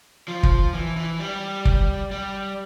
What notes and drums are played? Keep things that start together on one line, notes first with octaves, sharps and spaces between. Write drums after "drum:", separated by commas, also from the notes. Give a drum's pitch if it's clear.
F3
drum: kick
E3
E3
G3
drum: kick
G3